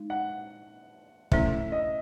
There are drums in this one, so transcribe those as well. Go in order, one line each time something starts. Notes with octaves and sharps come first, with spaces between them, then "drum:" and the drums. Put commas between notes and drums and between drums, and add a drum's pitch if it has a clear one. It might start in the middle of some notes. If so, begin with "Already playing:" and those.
Already playing: G#3 D#4
F#5
A3 C#4 E4 A4 C5 E5, drum: kick
D#5